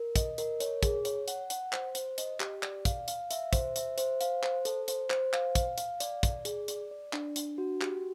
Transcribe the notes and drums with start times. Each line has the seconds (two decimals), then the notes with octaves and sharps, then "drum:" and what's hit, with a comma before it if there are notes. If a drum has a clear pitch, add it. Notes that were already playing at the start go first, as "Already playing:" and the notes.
Already playing: A#4
0.16 D#5, drum: kick, hi-hat
0.38 A#4, drum: hi-hat
0.60 C#5, drum: hi-hat
0.83 G#4, drum: kick, hi-hat
1.05 C#5, drum: hi-hat
1.28 F#5, drum: hi-hat
1.50 F#5, drum: hi-hat
1.73 C5, drum: clap
1.95 C5, drum: hi-hat
2.18 D#5, drum: hi-hat
2.40 G4, drum: clap
2.63 D5, drum: clap
2.85 F5, drum: kick, hi-hat
3.08 F5, drum: hi-hat
3.31 E5, drum: hi-hat
3.53 C5, drum: kick, hi-hat
3.76 E5, drum: hi-hat
3.98 C5, drum: hi-hat
4.21 F5, drum: hi-hat
4.43 C5, drum: clap
4.65 A4, drum: hi-hat
4.88 C5, drum: hi-hat
5.10 C5, drum: clap
5.33 F5, drum: clap
5.55 F5, drum: kick, hi-hat
5.78 F5, drum: hi-hat
6.00 D5, drum: hi-hat
6.23 D5, drum: kick, hi-hat
6.45 G#4, drum: hi-hat
6.68 D5, drum: hi-hat
6.91 D5
7.13 D4, drum: clap
7.36 D4, drum: hi-hat
7.58 F#4
7.81 G4, drum: clap